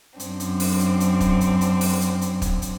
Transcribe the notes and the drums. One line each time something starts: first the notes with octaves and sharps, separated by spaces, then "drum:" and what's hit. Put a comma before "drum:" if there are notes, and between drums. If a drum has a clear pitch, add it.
F#2 C4 D4, drum: hi-hat
drum: hi-hat
drum: open hi-hat
drum: hi-hat
drum: hi-hat
drum: kick, hi-hat
drum: hi-hat
drum: hi-hat
drum: open hi-hat
drum: hi-hat
drum: hi-hat
drum: kick, hi-hat
drum: hi-hat